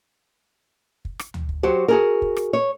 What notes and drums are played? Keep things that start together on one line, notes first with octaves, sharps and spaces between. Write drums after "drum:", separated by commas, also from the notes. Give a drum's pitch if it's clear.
drum: kick
drum: rim click
drum: tom D2
drum: kick
F#3 F#4 G4 C5
F#4 G#4 A#4
drum: kick
drum: rim click
C#5